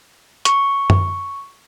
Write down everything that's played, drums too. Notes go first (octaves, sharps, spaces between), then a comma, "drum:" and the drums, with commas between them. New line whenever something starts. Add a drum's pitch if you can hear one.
C#6, drum: hi-hat
drum: tom F#2